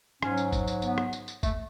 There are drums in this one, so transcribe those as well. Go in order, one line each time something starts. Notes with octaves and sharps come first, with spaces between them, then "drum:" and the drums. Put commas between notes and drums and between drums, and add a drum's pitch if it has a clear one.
G#2 F#3 C#4, drum: rim click
drum: tambourine
drum: kick G1, tambourine
drum: tambourine
B3, drum: tambourine
drum: rim click
drum: tambourine
drum: tambourine
A3, drum: kick G1, tambourine